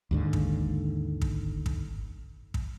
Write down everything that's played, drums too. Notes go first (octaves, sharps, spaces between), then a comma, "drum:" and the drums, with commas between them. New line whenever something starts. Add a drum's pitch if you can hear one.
D#2 G#2 D3
drum: kick
drum: kick
drum: kick
drum: kick